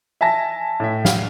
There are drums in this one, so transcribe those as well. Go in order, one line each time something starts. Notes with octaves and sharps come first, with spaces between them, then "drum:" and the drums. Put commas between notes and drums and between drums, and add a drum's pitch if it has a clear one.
E5 G#5 A5 A#6
A2 E5
F5, drum: snare